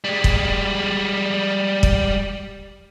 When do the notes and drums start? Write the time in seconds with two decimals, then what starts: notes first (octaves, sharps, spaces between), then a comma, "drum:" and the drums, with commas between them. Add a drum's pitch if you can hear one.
0.04 G3 G#3
0.24 drum: kick
1.83 drum: kick